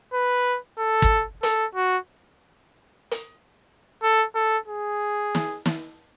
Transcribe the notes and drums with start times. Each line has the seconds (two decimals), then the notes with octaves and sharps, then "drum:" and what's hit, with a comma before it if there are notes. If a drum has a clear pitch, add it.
0.14 B4
0.79 A4
1.02 drum: kick
1.43 A4, drum: hi-hat
1.75 F#4
3.11 drum: hi-hat
4.03 A4
4.35 A4
4.68 G#4
5.35 drum: snare
5.66 drum: snare